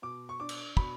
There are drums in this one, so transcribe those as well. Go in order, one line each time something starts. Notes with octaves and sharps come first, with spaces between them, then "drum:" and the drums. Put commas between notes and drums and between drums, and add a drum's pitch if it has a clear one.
B2 D6
C#6
D4 D6
drum: cymbal
B2 B5, drum: kick